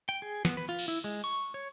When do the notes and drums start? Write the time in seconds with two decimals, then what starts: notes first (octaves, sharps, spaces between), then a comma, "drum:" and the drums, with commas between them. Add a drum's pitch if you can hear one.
0.09 G5
0.22 G#4
0.45 B3, drum: snare
0.57 B4
0.69 F4
0.79 drum: cymbal
0.88 E4
1.04 G#3
1.24 C#6
1.54 C#5